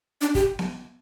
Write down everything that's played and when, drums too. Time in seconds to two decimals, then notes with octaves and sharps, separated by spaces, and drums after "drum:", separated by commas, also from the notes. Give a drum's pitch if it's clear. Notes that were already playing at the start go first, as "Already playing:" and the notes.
0.21 D4
0.35 G4, drum: kick
0.59 drum: snare B3